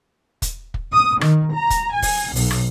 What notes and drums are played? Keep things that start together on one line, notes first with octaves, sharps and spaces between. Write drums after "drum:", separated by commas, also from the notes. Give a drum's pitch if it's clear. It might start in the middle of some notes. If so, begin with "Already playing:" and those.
drum: kick, hi-hat
drum: kick
D#6
D#3, drum: rim click
A#5
drum: kick, hi-hat
G#5
drum: kick, open hi-hat
B1, drum: open hi-hat
drum: rim click